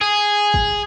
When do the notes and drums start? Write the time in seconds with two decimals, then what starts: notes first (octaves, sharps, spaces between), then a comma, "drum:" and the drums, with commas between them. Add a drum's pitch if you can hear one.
0.01 G#4
0.54 drum: kick